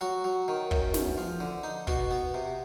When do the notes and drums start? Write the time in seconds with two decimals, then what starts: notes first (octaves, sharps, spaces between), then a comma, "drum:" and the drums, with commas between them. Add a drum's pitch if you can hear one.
0.01 F#3 F#4
0.24 F#3
0.48 D#3
0.71 F#2, drum: kick
0.94 E2, drum: snare
1.18 F3
1.40 D3
1.63 D#4
1.87 B2 F#4, drum: kick
2.11 B3
2.34 C3